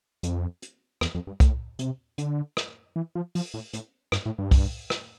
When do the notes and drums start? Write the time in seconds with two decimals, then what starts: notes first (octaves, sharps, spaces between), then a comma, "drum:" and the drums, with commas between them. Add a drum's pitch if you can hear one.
0.23 F2, drum: hi-hat
0.62 drum: hi-hat
1.01 E2, drum: rim click
1.15 F2
1.27 G2
1.40 A2, drum: kick C2, hi-hat
1.79 C3, drum: hi-hat
2.18 D3, drum: hi-hat
2.57 drum: rim click
2.96 E3
3.15 F3
3.35 F3, drum: open hi-hat
3.54 A2
3.74 A2, drum: hi-hat
4.12 G2, drum: rim click
4.26 A2
4.38 G2
4.51 drum: kick C2, open hi-hat
4.90 drum: rim click